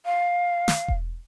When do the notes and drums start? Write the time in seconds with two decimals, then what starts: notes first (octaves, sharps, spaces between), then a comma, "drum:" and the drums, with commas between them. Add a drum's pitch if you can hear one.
0.06 F5
0.68 drum: snare
0.88 drum: kick E1